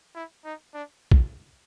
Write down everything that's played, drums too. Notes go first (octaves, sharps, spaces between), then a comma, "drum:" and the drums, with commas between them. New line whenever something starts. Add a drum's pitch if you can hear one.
E4
D#4
D4
drum: kick